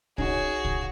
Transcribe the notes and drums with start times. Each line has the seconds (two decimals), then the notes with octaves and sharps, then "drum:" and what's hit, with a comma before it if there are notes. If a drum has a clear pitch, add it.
0.18 C#4 D#4 F#4 G#4, drum: kick
0.65 drum: kick